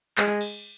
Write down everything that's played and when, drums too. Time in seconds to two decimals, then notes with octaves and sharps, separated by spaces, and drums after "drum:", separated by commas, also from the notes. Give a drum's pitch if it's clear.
0.18 G#3, drum: clap
0.41 drum: cymbal